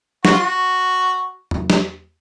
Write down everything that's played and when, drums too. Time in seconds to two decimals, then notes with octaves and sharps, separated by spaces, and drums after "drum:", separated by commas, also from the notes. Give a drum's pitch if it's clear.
0.25 F#4, drum: snare
0.33 F4
0.40 F#4
1.51 drum: tom E2
1.70 drum: snare